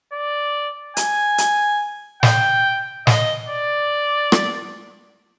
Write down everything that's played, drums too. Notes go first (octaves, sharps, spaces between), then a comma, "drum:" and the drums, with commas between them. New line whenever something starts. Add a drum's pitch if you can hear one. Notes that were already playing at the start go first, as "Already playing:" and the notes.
D5
G#5, drum: hi-hat
drum: hi-hat
G5, drum: snare
D#5, drum: snare
D5
drum: rim click